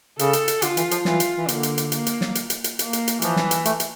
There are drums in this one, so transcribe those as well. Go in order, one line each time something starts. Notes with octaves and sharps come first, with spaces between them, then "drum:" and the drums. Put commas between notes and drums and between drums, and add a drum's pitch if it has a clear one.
C#3 A4, drum: hi-hat
drum: hi-hat
drum: hi-hat
D3 F4, drum: hi-hat
E3, drum: hi-hat
F3, drum: hi-hat
E3 F4, drum: snare
drum: hi-hat
E3
D3 A#3, drum: hi-hat
drum: hi-hat
drum: hi-hat
A#3, drum: hi-hat
drum: hi-hat
drum: snare
drum: hi-hat
drum: hi-hat
drum: hi-hat
A#3, drum: hi-hat
drum: hi-hat
drum: hi-hat
E3 F3, drum: hi-hat
drum: snare
drum: hi-hat
A3, drum: hi-hat
drum: hi-hat